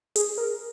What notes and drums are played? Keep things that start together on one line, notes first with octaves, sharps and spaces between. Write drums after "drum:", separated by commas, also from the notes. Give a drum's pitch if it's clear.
G#4, drum: hi-hat
A#4